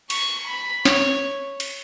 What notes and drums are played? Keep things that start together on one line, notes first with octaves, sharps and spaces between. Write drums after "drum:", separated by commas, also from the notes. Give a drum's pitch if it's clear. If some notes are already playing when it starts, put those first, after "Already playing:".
C#6, drum: cymbal
B5
C#5, drum: snare
drum: cymbal